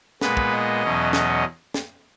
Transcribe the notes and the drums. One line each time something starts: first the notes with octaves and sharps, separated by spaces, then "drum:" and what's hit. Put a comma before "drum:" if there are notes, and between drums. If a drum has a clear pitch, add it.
A#2 G#3 B3 B4, drum: snare
drum: kick
D#5
E2 B2 F#3 C#4
D#5, drum: snare
drum: snare